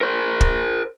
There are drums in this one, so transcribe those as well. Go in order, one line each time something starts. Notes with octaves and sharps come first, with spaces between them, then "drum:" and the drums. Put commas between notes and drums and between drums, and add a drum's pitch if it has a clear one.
A#4 C5
drum: kick